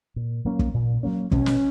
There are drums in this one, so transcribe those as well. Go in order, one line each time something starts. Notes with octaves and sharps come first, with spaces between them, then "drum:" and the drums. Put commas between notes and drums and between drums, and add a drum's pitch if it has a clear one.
A#2
F#3 A#3 C#4
drum: kick
A#2
F#3 A#3 C#4
B2 C#4, drum: kick
drum: snare